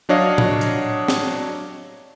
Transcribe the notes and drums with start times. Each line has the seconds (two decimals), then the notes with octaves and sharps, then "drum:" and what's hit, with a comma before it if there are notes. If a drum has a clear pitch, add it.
0.09 F#3 D4 C#5 D#5 F5
0.38 drum: tom A2
0.61 drum: hi-hat
1.08 drum: snare